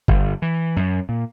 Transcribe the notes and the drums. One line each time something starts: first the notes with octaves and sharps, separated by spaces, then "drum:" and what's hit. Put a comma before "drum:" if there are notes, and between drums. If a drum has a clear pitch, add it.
G1, drum: kick G1
E3
F#2
A#2